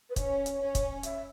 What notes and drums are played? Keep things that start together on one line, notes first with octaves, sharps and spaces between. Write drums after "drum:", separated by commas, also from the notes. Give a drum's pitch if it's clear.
B4
C#4 C#5, drum: kick, hi-hat
drum: hi-hat
C#4
drum: kick, hi-hat
E5, drum: hi-hat